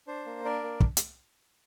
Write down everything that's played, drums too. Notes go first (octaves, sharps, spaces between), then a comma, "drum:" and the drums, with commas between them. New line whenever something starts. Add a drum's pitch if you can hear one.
D4 C5
A#3
D4 A#4 D5
A#3
drum: kick
drum: hi-hat